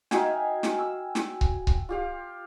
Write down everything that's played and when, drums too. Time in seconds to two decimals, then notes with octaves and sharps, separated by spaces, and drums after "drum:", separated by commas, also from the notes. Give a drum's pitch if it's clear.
0.11 D#4 F#4 E5 F5 G5 G#5, drum: snare
0.63 drum: snare
0.79 E6
1.15 drum: snare
1.41 drum: kick C#1
1.67 drum: kick C#1
1.89 F4 G4 F5